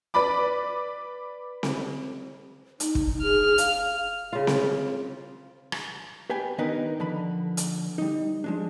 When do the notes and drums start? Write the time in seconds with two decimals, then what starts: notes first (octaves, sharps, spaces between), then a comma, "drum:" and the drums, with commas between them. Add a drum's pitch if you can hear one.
0.14 B4 D5 B5 D6
1.63 drum: snare C4
2.80 D#4, drum: hi-hat
2.95 drum: kick
3.22 G#4 F6
3.58 F5, drum: hi-hat
4.33 C#3 F4
4.47 drum: snare C4
5.72 drum: rim click
6.30 G4 B4 G5 G#5
6.58 D#3 B3 D4 D#4 A#4 B4
7.00 D3 F3 B5
7.57 drum: hi-hat
7.98 G3 D#4
8.44 F3 G#3 D4